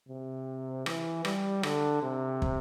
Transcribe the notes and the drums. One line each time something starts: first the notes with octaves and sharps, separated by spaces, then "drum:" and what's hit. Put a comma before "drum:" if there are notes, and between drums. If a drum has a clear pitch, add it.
C3
E3, drum: rim click
G3, drum: rim click
D3, drum: rim click
C3
drum: kick